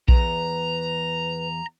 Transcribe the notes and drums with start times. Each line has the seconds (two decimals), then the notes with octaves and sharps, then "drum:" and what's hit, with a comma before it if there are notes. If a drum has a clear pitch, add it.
0.08 E2 B4 A#5, drum: kick A#1